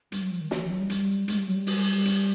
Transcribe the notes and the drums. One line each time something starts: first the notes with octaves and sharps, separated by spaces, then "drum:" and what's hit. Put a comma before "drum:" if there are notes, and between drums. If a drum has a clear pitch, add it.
G3, drum: hi-hat
F#3
F3
D#3
E3, drum: snare
F3
F#3
G3
drum: hi-hat
G#3, drum: hi-hat
G3
F#3
G3
drum: open hi-hat
drum: hi-hat